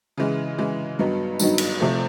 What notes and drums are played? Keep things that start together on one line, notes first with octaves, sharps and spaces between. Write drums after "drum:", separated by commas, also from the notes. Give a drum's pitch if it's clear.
C#3 E3 G#3
C#3 E3 G#3
G2 D#3 F#3 B3 D#4
G2 D#3 F#3 B3 D#4, drum: tambourine
drum: cymbal
C3 F3 A3